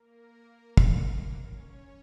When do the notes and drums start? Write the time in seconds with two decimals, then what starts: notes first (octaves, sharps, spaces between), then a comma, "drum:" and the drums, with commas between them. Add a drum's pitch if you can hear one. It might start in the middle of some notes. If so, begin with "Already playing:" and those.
Already playing: A#3 A#4
0.77 drum: kick
1.35 C#4 C#5